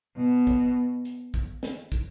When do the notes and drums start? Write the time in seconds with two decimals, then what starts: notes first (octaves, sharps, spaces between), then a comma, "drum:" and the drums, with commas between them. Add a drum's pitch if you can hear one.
0.18 B2
0.47 drum: kick, hi-hat
1.05 drum: hi-hat
1.34 drum: kick
1.63 drum: snare
1.92 drum: kick